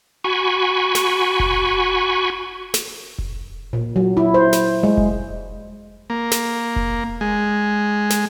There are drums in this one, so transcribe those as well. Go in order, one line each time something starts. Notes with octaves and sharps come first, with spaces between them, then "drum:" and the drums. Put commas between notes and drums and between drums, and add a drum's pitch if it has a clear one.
F#4 G#5 B5 C#6
drum: snare
drum: kick F1
drum: snare
drum: kick F1
A#2
F#3
E4
C5
drum: snare
G#3
drum: kick F1
A#3
drum: snare
drum: kick F1
G#3
drum: snare